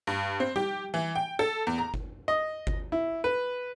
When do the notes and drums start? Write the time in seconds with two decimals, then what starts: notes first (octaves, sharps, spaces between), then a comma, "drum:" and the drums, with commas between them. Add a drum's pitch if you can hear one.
0.07 G2
0.40 C4
0.56 G4, drum: tom G3
0.94 E3
1.15 G5
1.39 A4
1.67 E2
1.78 A#5
1.94 drum: kick G1
2.28 D#5
2.67 drum: kick G1
2.92 E4
3.24 B4